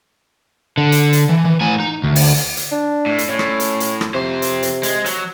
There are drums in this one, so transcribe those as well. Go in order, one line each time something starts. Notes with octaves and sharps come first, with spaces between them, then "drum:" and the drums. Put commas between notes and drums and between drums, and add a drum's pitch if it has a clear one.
D3
drum: hi-hat
drum: hi-hat
E3
E3
A2 G#5
D#4
D2
drum: open hi-hat
drum: hi-hat
drum: hi-hat
D4
A2
drum: hi-hat
A2 C#4
drum: rim click
drum: hi-hat
drum: hi-hat
drum: rim click
F2 C3 C5
drum: hi-hat
drum: hi-hat
G#3, drum: hi-hat
F#3, drum: hi-hat